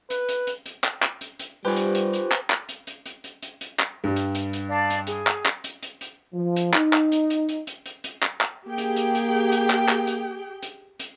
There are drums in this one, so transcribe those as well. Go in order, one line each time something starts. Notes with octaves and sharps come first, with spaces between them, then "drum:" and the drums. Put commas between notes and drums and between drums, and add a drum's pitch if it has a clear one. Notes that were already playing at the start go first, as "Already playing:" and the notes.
B4, drum: hi-hat
drum: hi-hat
drum: hi-hat
drum: hi-hat
drum: clap
drum: clap
drum: hi-hat
drum: hi-hat
G3 F4 G4 B4 C5 G#5
drum: hi-hat
drum: hi-hat
drum: hi-hat
drum: clap
drum: clap
drum: hi-hat
drum: hi-hat
drum: hi-hat
drum: hi-hat
drum: hi-hat
drum: hi-hat
drum: clap
G2 G3
drum: hi-hat
drum: hi-hat
drum: hi-hat
D5 F5 A5
drum: hi-hat
G#4, drum: hi-hat
drum: clap
drum: clap
drum: hi-hat
drum: hi-hat
drum: hi-hat
F3
drum: hi-hat
D#4, drum: clap
drum: clap
drum: hi-hat
drum: hi-hat
drum: hi-hat
drum: hi-hat
drum: hi-hat
drum: hi-hat
drum: clap
drum: clap
A#3 G4 G#4 G5
drum: hi-hat
drum: hi-hat
drum: hi-hat
drum: hi-hat
drum: clap
drum: clap
drum: hi-hat
drum: hi-hat
drum: hi-hat